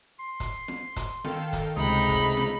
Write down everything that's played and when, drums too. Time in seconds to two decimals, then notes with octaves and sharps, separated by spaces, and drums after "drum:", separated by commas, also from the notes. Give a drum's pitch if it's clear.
0.19 C6
0.40 drum: kick, hi-hat
0.68 drum: snare
0.96 drum: kick, hi-hat
1.24 D#3 A4 F5 G5, drum: snare
1.53 drum: kick, hi-hat
1.76 C#2 C3 G#3 A3 D#4 G#4 B5
2.09 drum: kick, hi-hat
2.37 drum: snare